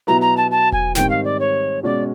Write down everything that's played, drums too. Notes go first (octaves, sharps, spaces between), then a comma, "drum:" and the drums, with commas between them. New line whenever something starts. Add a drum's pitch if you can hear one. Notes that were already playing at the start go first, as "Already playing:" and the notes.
B2 F#3 B3 E4 A#5
A#5
A5
A5
G#5, drum: kick E1
G#2 D#3 G3 C4 G5, drum: snare
F5
D5
C#5
B2 G#3 C#4 F#4 D5